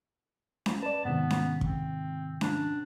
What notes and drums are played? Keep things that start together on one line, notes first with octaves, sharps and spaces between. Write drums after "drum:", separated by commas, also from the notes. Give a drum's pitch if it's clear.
drum: snare C#4
B4 D5 A5
G#2 C3 D#3 B3
drum: snare C#4
C4, drum: kick
D4, drum: snare C#4